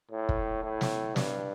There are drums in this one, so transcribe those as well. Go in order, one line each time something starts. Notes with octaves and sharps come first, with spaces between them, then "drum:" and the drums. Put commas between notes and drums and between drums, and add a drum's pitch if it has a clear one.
A2
drum: kick
A2
drum: snare
G2, drum: snare